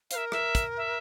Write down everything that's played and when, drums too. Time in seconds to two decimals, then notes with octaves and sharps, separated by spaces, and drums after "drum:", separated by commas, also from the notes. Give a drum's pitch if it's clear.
0.11 C5 F5, drum: hi-hat
0.15 A#4 E5
0.32 E5, drum: rim click
0.55 drum: kick, hi-hat
0.77 E5